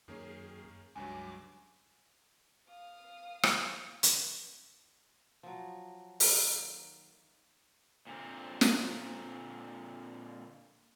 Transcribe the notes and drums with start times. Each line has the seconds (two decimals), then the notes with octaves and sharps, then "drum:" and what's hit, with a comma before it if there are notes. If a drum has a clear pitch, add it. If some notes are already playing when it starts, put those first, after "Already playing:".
0.08 F#2 D#3 A#3 C#4 G#4
0.95 C#2 G2 F#3 G#5 D6
2.69 F5 D#6
3.43 drum: rim click
4.03 drum: hi-hat
5.43 F3 F#3
6.20 D#3 A#3, drum: open hi-hat
8.07 A#2 D3 C4
8.61 drum: snare